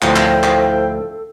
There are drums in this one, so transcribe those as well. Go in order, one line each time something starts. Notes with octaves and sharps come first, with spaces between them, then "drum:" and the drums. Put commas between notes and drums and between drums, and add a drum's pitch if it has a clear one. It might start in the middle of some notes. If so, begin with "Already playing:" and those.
D2 A2 F3 E4 A4 C5 F5 G5, drum: clap
drum: clap
drum: clap